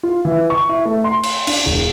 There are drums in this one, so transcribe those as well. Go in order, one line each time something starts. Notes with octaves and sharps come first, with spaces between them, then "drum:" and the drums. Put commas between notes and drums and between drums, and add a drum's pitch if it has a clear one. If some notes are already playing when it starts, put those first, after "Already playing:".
F4
E3
C#6
E4
A3
C6
drum: cymbal
D4, drum: cymbal
E1